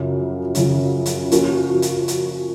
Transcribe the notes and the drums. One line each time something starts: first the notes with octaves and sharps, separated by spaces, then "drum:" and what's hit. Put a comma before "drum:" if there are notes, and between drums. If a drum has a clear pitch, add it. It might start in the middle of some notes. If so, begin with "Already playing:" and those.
Already playing: F#2 C#3 F3
F#2 C#3 F3, drum: hi-hat
drum: hi-hat
F3 A#3 C#4 F#4, drum: hi-hat
drum: hi-hat
drum: hi-hat